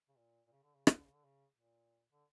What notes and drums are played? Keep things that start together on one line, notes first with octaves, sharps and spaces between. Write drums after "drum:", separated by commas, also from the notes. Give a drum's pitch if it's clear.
C#3
A#2
A#2
C#3
D3
C#3
C#3, drum: rim click
D3
C#3
D3
C#3
A#2
D3